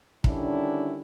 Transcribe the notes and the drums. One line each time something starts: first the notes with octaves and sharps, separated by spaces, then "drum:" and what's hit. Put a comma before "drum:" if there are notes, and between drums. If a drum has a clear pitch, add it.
D3 D#3 G3 C#4 D4 E4, drum: kick